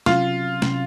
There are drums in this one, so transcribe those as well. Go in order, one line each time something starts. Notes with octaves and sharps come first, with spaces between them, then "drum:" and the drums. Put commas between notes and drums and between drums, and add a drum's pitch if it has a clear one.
C3 F#3 C#4 F4, drum: snare
C3 F#3 C#4, drum: snare